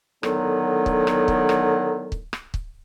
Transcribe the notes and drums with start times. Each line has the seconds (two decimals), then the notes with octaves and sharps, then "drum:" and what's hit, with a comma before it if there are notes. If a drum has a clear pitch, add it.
0.23 A2 D3 D#3 F#3 B3, drum: rim click
0.86 drum: kick
1.07 drum: rim click
1.28 drum: kick
1.49 drum: rim click
2.12 drum: kick
2.33 drum: rim click
2.54 drum: kick